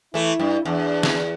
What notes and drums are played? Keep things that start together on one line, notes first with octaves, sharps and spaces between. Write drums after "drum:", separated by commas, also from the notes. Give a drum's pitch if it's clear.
E3 A3 E4
G2
E2 D4
drum: snare